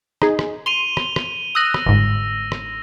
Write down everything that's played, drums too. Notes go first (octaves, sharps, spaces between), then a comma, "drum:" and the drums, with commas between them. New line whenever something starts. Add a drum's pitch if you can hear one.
D#4 G#4, drum: rim click
drum: rim click
C6 D#7 F7 G7
drum: rim click
drum: rim click
D#6 E6 F#6 A#6 D#7
drum: rim click
G1 G#2
drum: rim click